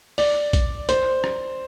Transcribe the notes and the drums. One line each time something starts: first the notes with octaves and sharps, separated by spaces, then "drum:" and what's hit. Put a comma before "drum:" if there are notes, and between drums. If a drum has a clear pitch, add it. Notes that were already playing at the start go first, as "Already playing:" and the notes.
D5, drum: open hi-hat
drum: kick A#1, hi-hat
C5, drum: hi-hat
drum: rim click